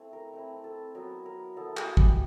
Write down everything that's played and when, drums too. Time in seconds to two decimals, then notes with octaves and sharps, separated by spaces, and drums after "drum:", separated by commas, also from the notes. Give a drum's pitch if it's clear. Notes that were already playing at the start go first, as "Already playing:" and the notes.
Already playing: A3 C4 E4
0.13 A#4
0.33 A3 C4 E4
0.64 A4
0.95 F#3 B3 E4 A#4
1.26 A#4
1.56 F#3 B3 E4 A4
1.77 G#4, drum: clap
1.97 G4, drum: kick